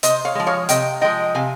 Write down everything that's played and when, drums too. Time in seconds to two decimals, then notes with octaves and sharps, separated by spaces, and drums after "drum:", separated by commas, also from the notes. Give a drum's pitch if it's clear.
0.03 C3 C5 D#5, drum: hi-hat
0.25 C#5 F5
0.35 F3 G#3
0.47 C#5 F5
0.69 C3 D#5 G5, drum: hi-hat
1.01 F3 G#3 D#5 G5
1.35 C3 F5 G#5